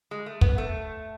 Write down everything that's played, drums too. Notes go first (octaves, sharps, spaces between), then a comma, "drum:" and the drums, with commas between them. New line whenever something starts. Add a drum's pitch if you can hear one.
G#3
A3
B3, drum: kick
A3